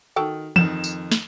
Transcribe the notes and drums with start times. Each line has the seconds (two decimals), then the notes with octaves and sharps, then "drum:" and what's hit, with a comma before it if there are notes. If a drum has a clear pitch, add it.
0.16 D#3 F#4 A4 G5
0.56 F2 D#3 E7, drum: tom E3
0.84 drum: tambourine
1.12 drum: snare